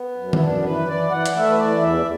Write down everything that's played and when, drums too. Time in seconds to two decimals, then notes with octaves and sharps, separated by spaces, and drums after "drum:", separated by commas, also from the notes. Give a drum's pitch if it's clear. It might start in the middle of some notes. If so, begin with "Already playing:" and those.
Already playing: B3
0.16 F#2
0.33 E4, drum: tom D#3
0.39 F#2 D4
0.64 E3 B4
0.88 E3 D5
1.11 E3 F#5
1.26 drum: hi-hat
1.35 A3 E5
1.49 B4
1.58 E3 D5
1.82 E2 E5